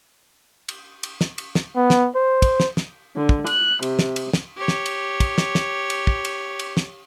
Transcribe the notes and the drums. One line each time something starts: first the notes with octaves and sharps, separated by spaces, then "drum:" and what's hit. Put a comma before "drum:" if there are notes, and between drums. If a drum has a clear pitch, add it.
drum: cymbal
drum: cymbal
drum: snare
drum: cymbal
drum: snare
B3
drum: snare
C5
drum: kick, cymbal
drum: snare
drum: snare
D3
drum: kick
F#6, drum: cymbal
C3, drum: cymbal
drum: snare
drum: cymbal
drum: snare
G4 C#5
drum: snare
drum: cymbal
drum: kick, cymbal
drum: snare
drum: snare
drum: cymbal
drum: kick
drum: cymbal
drum: cymbal
drum: snare